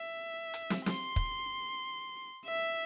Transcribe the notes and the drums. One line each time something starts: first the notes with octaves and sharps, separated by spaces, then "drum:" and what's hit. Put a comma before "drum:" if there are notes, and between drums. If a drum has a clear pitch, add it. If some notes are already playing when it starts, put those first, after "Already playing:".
Already playing: E5
drum: hi-hat
drum: snare
C6, drum: snare
drum: kick
E5